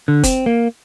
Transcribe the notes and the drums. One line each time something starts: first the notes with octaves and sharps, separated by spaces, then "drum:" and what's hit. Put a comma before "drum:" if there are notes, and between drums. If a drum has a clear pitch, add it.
D3
C4, drum: kick F#1, hi-hat
A#3